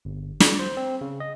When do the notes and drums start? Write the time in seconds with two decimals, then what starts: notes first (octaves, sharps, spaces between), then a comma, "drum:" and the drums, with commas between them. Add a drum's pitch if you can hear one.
0.05 G1
0.40 D6, drum: snare
0.59 C5
0.77 C4
1.01 C#3
1.20 D#5